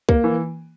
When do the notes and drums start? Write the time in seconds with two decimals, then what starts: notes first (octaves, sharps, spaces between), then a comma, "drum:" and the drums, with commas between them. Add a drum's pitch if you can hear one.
0.09 A#3, drum: kick
0.24 E3